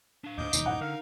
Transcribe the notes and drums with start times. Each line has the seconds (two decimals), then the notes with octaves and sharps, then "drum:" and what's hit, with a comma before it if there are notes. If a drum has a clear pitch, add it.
0.24 D4 F5
0.38 D2 G#2 D#5 D6 G6
0.53 E1 D#2 C#3 D#4, drum: tambourine
0.66 D#1 G2 E3 F#5
0.81 D3 A#4 F5